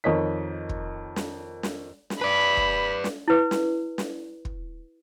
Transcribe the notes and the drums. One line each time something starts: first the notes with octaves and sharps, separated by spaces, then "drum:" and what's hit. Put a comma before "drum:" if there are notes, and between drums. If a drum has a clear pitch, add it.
F2 D#3 C#5 D#5 B6
drum: kick
drum: snare
drum: snare
drum: snare
B4 D5 B5
drum: kick
drum: snare
E4 B4
drum: snare
drum: snare
drum: kick